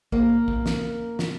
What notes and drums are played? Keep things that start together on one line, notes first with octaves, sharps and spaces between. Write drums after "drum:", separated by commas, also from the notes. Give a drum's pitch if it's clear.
A#3, drum: kick A#1
drum: kick A#1
drum: snare
drum: snare